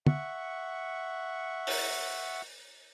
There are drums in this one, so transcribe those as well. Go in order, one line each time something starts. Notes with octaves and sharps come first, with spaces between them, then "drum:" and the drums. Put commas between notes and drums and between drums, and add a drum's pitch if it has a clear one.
E5 F#5 C#6, drum: tom
drum: open hi-hat